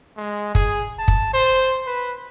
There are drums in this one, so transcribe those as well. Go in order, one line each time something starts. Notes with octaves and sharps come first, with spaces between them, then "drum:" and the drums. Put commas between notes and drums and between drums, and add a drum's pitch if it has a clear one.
G#3
G#4, drum: kick
A5
drum: kick
C5
B4